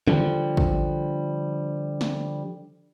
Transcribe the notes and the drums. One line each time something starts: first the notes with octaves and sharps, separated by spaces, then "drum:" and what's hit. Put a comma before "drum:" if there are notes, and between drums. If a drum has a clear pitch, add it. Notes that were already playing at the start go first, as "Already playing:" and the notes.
D3 F3 G3, drum: tom
drum: kick A1
drum: snare